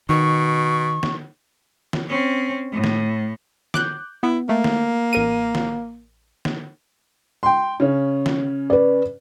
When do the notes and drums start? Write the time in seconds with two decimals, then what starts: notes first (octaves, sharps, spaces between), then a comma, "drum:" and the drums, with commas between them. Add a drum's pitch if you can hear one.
0.09 B2 D#3 C#6
1.03 drum: snare
1.93 drum: snare
2.09 C4 C#4
2.72 A2
2.84 drum: snare
3.74 D6 F#6 G6, drum: snare
4.23 B3 E4
4.49 A3 A#3
4.64 drum: snare
5.13 A1 A#4 D#7
5.55 drum: snare
6.45 drum: snare
7.43 G5 C6
7.80 C#3 C#4
8.26 drum: snare
8.70 B4 D5